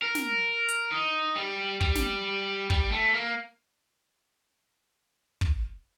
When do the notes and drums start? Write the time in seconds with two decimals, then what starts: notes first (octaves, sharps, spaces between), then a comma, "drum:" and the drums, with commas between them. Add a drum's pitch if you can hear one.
0.02 A#4
0.15 drum: snare
0.69 drum: hi-hat
0.92 D#4
1.36 G3
1.81 G3, drum: kick
1.95 drum: snare
2.70 G3, drum: kick
2.92 A3
3.14 A#3
5.41 drum: kick